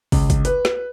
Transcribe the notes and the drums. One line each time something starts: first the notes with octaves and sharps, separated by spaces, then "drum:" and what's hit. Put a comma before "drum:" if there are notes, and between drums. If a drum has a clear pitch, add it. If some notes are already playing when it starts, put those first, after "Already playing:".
C#2, drum: kick, open hi-hat
drum: kick, hi-hat
B4, drum: hi-hat
drum: snare